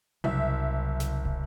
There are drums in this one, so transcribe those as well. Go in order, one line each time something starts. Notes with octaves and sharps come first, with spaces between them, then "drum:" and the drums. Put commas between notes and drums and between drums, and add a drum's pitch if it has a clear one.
F#1 C2 E5
drum: snare
drum: kick